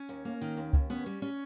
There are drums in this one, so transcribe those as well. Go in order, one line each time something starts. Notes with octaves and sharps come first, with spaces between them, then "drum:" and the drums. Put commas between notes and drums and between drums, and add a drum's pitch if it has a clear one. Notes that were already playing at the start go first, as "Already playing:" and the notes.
Already playing: C#4
D#2
A#3
D#3
D#2
D#2, drum: kick C#2
B3 C#4
G3
C#4